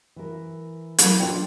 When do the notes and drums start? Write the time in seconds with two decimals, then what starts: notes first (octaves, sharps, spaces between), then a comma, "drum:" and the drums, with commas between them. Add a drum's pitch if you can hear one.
0.16 E3 A#4
0.98 F#3 E4 A4 A#4, drum: hi-hat
1.19 D4 F4 G4 A4 D5 G5